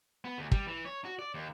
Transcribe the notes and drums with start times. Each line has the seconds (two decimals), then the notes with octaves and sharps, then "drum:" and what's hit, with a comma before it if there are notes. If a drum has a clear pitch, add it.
0.24 B3
0.38 D2
0.52 G3, drum: kick
0.67 E3
0.85 C#5
1.05 F#4
1.19 D5
1.34 D#2